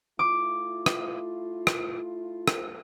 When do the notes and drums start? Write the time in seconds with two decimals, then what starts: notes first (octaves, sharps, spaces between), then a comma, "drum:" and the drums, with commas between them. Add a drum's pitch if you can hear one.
0.19 A3 E4 F4 D6
0.86 drum: rim click
1.67 drum: rim click
2.48 drum: rim click